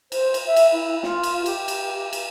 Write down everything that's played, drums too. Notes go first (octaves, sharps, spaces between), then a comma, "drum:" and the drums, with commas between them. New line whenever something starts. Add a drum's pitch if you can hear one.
C5, drum: cymbal
drum: cymbal
E5
drum: cymbal
E4
F4, drum: snare
drum: cymbal
G4, drum: cymbal
drum: cymbal
drum: cymbal